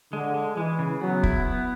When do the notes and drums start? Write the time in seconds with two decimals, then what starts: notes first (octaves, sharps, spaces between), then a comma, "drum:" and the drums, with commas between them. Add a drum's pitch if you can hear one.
0.12 D3 G#3
0.34 G#3
0.57 E3 G#3
0.79 C#3
1.01 F#3 B3
1.23 E4, drum: kick
1.46 B3